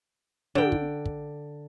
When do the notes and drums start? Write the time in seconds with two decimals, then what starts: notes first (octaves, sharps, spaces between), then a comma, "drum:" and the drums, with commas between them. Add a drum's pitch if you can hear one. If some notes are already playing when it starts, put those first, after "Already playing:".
0.55 D3 G5, drum: tom
0.72 drum: kick
1.06 drum: kick